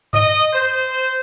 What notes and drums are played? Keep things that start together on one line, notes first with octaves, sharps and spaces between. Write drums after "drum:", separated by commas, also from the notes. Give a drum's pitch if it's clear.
D#5, drum: tom G2
C5